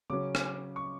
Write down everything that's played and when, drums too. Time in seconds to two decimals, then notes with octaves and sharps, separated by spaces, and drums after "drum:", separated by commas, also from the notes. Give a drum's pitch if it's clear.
0.10 C#3 F#3 C#4 D6
0.35 drum: rim click
0.76 C#6